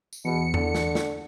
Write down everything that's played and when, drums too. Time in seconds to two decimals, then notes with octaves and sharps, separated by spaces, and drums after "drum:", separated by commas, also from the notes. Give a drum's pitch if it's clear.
0.13 drum: tambourine
0.24 E2 B2 C#7
0.54 D3, drum: tom E2
0.75 drum: snare
0.95 drum: snare